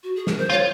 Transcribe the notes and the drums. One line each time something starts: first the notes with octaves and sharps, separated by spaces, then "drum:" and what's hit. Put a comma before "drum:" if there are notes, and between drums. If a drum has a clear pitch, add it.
F#4
G#4
A#4, drum: snare
C5
F4 C#5